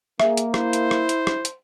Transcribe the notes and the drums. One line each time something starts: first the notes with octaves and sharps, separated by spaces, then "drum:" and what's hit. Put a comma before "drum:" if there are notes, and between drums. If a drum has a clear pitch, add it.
A#3 G#4 E5, drum: rim click
drum: hi-hat
E4 C5, drum: rim click
drum: hi-hat
drum: rim click
drum: hi-hat
drum: rim click
drum: hi-hat